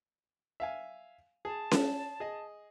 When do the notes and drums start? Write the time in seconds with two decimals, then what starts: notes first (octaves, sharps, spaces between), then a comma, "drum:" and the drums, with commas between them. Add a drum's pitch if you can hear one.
0.60 E5 F5 G#5
1.45 G#4 A5
1.71 drum: snare C#4
2.20 G#4 D#5